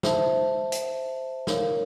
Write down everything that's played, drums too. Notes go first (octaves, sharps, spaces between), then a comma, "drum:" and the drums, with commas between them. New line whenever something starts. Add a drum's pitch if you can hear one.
C5 E5 A5, drum: snare
drum: hi-hat
A#4 C#5 F5, drum: snare